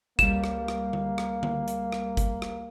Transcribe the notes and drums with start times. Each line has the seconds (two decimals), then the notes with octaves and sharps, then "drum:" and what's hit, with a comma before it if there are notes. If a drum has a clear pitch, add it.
0.19 C#2 G3 A#3 E7, drum: kick G1, hi-hat
0.44 drum: rim click
0.68 drum: rim click
0.93 drum: tom D3
1.18 drum: rim click
1.43 drum: tom D3
1.68 drum: hi-hat
1.92 drum: rim click
2.17 drum: kick G1, hi-hat
2.42 drum: rim click